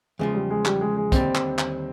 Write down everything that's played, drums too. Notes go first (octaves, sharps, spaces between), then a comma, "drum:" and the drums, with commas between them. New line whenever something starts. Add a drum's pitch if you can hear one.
E2 C#3 F3 G#3
G3
G#3
G3, drum: clap
G#3
G#3
D#2 D3 G3 C4, drum: kick, hi-hat
drum: clap
drum: clap